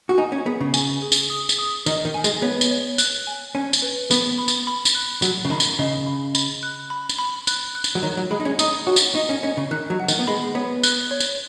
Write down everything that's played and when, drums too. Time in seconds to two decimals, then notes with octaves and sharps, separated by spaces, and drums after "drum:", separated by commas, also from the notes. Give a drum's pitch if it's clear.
0.09 F#4
0.18 D#4 G#5
0.32 C#4
0.46 B3 G#4
0.61 C#3
0.74 G#5, drum: tambourine
1.02 G#4
1.12 drum: tambourine
1.30 D#6
1.49 drum: tambourine
1.58 D#6
1.86 D#3 D#5, drum: tambourine
2.05 D#3
2.14 G#5
2.24 G#3, drum: tambourine
2.42 B3 C#5
2.61 drum: tambourine
2.71 C#5
2.98 F#6, drum: tambourine
3.27 G#5
3.55 C#4 G#5
3.73 drum: tambourine
3.82 B4
4.11 B3 B5, drum: tambourine
4.38 B5
4.48 drum: tambourine
4.67 B5
4.85 drum: tambourine
4.95 F#6
5.22 F#3 F#6, drum: tambourine
5.45 C#3
5.50 D#3 B5
5.60 drum: tambourine
5.79 C#3 D#5
6.06 B5
6.35 B5, drum: tambourine
6.63 F#6
6.90 B5
7.09 drum: tambourine
7.19 B5
7.47 F#6, drum: tambourine
7.75 F#6
7.84 drum: tambourine
7.95 F#3
8.03 D#3 C#5
8.17 F#3
8.31 G#3 B5
8.40 D#4
8.45 C#4
8.59 D#4 D#6, drum: tambourine
8.86 F#4 C#5
8.96 drum: tambourine
9.15 D#4 D#5
9.29 C#4
9.43 C#4 D#5
9.57 C#3
9.71 D#3 F#6
9.90 F#3
10.00 F#5
10.08 D#3, drum: tambourine
10.19 B3
10.27 G#3 B5
10.55 B3 C#5
10.83 F#6, drum: tambourine
11.11 C#5
11.20 drum: tambourine